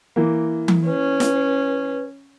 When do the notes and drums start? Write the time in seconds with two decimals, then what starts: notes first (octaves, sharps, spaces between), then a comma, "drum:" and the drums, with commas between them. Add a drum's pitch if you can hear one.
0.16 E3 A#3
0.68 drum: tom E3
0.86 C#4 B4
1.20 drum: snare